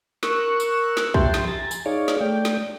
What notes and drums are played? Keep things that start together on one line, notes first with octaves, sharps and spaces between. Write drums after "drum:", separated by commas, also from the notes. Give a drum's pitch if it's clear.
A#4 C#6 E6 F#6, drum: snare
drum: tambourine
drum: snare
F3 G4 E5 G5 A5 C6, drum: kick
drum: snare
G#5 A#5 A6
drum: tambourine
D#4 G#4 C#5 D5 F5
drum: snare
A3 D5 G5
drum: snare